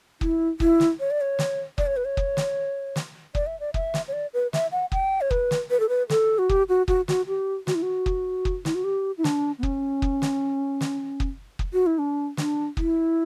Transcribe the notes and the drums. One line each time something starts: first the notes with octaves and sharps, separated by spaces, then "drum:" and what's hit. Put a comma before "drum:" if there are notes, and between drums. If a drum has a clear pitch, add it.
E4, drum: kick
E4, drum: kick
drum: snare
C#5
D5
C#5
drum: snare
D5, drum: kick
C#5
B4
C#5
drum: kick
drum: snare
drum: snare
D5, drum: kick
E5
D5
E5, drum: kick
drum: snare
C#5
D5
B4
E5, drum: snare
F#5
G5, drum: kick
C#5
B4, drum: kick
drum: snare
B4
A4
B4
A4, drum: snare
F#4
G4, drum: kick
F#4
F#4, drum: kick
F#4, drum: snare
G4
F#4, drum: snare
E4
F#4
drum: kick
drum: kick
E4, drum: snare
F#4
G4
E4
D4, drum: snare
B3
C#4, drum: kick
drum: kick
drum: snare
drum: snare
drum: kick
drum: kick
F#4
E4
D4
D4, drum: snare
E4, drum: kick